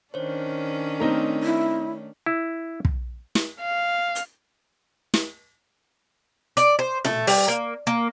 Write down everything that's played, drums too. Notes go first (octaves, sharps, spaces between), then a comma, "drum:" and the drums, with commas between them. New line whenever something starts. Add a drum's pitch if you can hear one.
D#3 C#4 D4 C5 C#5
A3 C4 D#4 A#4 C#5
E4
E4
drum: kick
drum: snare
F5
drum: hi-hat
drum: snare
D5, drum: hi-hat
C5
A3, drum: tom A#2
G3, drum: open hi-hat
A#3
A#3